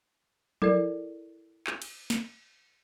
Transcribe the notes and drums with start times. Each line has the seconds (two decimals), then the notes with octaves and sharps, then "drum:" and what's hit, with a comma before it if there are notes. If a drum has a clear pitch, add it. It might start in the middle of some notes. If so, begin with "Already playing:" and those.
0.62 E4 A4 A#4 D5, drum: tom F3
1.67 drum: clap
1.82 drum: cymbal
2.10 drum: snare